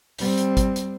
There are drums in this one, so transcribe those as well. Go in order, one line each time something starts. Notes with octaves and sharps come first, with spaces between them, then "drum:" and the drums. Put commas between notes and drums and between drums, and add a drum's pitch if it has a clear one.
G3 C4, drum: open hi-hat
drum: hi-hat
drum: kick, hi-hat
drum: hi-hat